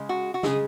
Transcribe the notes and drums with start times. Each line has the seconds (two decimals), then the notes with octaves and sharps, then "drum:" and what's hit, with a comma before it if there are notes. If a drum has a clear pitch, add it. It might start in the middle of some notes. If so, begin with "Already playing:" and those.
Already playing: C#3 G#3
0.09 F#4
0.34 F#4
0.43 C#3 G#3 G#4, drum: snare